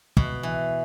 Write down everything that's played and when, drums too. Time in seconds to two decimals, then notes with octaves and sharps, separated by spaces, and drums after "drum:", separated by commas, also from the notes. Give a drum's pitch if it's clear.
0.17 B2, drum: kick
0.43 E3